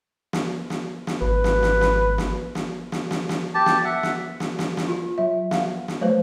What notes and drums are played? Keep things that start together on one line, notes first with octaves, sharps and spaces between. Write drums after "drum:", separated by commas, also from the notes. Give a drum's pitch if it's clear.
drum: snare
drum: snare
drum: snare
G#1 B4
drum: snare
drum: snare
drum: snare
drum: snare
drum: snare
drum: snare
drum: snare
drum: snare
G4 A5
drum: snare
E5 F#5
drum: snare
drum: snare
drum: snare
drum: snare
F4
F#3 E5
F5 F#5, drum: snare
drum: snare
F#3 A3 B4 C5